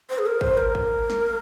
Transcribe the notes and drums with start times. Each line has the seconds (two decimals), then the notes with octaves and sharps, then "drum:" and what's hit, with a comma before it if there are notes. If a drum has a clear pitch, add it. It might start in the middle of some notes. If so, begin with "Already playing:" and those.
0.10 C5
0.18 G#4
0.26 A#4
0.41 C5, drum: kick
0.57 A#4
0.75 drum: kick
1.10 drum: snare